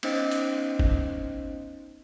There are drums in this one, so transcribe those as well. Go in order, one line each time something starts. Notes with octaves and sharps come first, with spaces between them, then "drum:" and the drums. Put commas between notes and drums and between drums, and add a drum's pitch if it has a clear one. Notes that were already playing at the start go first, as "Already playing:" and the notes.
B3 C#4 D#4 C5 D#5 G5, drum: cymbal
drum: hi-hat
drum: kick F#1